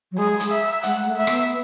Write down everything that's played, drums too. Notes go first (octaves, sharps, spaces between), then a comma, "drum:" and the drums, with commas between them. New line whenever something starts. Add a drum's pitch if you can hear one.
F#3
G#3 G#4
drum: hi-hat
E5
G#3 F#5, drum: hi-hat
A3
E5
B3, drum: rim click